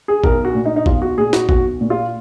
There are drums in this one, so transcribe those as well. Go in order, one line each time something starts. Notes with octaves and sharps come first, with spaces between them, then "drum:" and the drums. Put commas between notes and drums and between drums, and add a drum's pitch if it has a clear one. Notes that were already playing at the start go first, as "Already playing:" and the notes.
G#4
B1 A#4, drum: kick A1
F#4
A#2
D#4
D#4
B1 F4, drum: kick A1
F#4
A#2 G#4
F#4, drum: snare
B1 F#4, drum: kick A1
A#2
F4